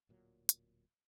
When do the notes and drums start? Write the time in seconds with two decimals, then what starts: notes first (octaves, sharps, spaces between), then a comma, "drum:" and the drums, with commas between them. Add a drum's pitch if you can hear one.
0.09 D1 A#2 F#3
0.49 drum: hi-hat